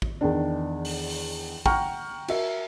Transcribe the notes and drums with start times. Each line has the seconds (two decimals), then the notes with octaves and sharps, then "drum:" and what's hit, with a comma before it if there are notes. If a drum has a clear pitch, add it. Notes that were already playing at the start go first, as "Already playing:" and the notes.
0.02 drum: kick
0.21 E2 D#3 D4
0.85 drum: open hi-hat
1.09 drum: open hi-hat
1.66 F#5 G5 A#5 C#6 F6, drum: kick
2.28 F#4 A#4 E5, drum: cymbal